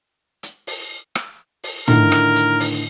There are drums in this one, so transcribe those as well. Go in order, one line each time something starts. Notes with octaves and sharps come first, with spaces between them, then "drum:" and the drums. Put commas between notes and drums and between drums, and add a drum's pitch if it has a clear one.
drum: hi-hat
drum: open hi-hat
drum: rim click
drum: open hi-hat
A2 D3 D#3 A#4, drum: tom
drum: rim click
drum: hi-hat
drum: open hi-hat